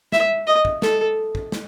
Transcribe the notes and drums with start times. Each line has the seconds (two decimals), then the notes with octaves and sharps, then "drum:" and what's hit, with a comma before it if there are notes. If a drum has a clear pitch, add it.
0.12 E5, drum: snare
0.47 D#5
0.65 drum: kick
0.82 A4, drum: snare
1.35 drum: kick
1.52 drum: snare